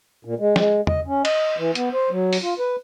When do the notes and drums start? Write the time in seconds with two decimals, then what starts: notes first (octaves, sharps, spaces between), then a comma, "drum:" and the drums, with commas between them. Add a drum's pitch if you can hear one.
0.25 A#2
0.40 G#3
0.56 G#3, drum: snare
0.87 D#5, drum: tom E2
1.07 C#4
1.25 D#5, drum: cymbal
1.58 E3
1.75 B3, drum: hi-hat
1.93 C5
2.10 F#3
2.33 drum: open hi-hat
2.43 F4
2.59 B4